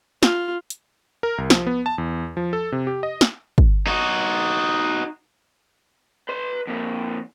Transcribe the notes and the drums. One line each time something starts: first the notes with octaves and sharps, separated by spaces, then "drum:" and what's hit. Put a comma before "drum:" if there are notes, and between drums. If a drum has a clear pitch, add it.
F4, drum: snare
drum: hi-hat
A#4
C2
F3, drum: snare
B3
A5
E2
F3
A4
C3
G4
D#5
drum: snare
drum: kick
D#4 F#4
B4 C6
F2 A#3